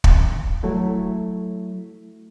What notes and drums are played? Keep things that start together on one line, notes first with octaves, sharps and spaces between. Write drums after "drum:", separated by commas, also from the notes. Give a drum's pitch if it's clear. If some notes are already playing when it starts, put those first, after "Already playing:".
drum: kick
F#3 A3 E4